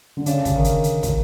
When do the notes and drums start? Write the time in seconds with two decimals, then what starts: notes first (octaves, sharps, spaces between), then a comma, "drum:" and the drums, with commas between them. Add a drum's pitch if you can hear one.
0.17 D3
0.26 C#3 D4, drum: hi-hat
0.45 drum: kick, hi-hat
0.55 D#3
0.64 drum: hi-hat
0.84 drum: hi-hat
1.03 drum: kick, hi-hat